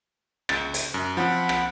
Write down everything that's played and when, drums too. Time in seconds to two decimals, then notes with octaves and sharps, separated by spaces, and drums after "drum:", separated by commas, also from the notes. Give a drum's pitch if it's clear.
0.49 C#2 A6, drum: rim click
0.74 drum: hi-hat
0.94 F#2
1.17 F3 C4 F#5 B5
1.49 drum: rim click